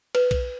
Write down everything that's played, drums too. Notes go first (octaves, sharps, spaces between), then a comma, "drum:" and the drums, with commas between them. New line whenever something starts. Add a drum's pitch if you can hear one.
B4, drum: cymbal
drum: kick B1, cymbal